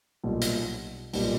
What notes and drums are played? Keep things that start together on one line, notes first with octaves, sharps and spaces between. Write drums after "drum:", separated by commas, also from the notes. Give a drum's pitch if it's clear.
B1 A#2 G3
drum: hi-hat
B1 A#2 G3, drum: open hi-hat